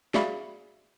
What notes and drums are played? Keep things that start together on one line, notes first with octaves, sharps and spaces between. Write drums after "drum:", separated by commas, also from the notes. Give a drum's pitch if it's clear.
F#4 G#4 D5 E5 F5 B5, drum: snare